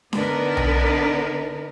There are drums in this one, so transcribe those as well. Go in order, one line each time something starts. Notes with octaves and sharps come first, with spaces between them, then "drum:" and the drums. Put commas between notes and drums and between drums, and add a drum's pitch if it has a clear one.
D3 B3 D4 D#4 A#4 B4, drum: snare D4
drum: tom B1